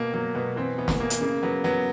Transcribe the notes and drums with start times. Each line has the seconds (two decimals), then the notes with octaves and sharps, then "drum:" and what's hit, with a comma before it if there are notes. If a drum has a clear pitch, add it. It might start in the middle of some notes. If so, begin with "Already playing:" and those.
Already playing: B2 A#3
0.14 F#3 A#3
0.35 B2 B3
0.56 E3 C4
0.78 E3 B3
0.88 drum: snare
1.00 E3 A#3
1.10 drum: hi-hat
1.21 C#3 A#3
1.43 F#3 B3
1.64 F#3 B3